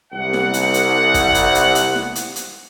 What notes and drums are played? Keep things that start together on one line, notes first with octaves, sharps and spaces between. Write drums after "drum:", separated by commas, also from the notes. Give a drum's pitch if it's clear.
C2 F#5
drum: snare E4
drum: hi-hat
drum: hi-hat
drum: kick, hi-hat
drum: hi-hat
drum: hi-hat
drum: hi-hat
drum: snare E4
drum: hi-hat
drum: hi-hat